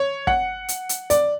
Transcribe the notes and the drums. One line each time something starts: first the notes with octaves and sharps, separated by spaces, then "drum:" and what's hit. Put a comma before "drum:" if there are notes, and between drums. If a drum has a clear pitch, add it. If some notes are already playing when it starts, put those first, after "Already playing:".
Already playing: C#5
F#5, drum: kick
drum: hi-hat
drum: hi-hat
D5, drum: hi-hat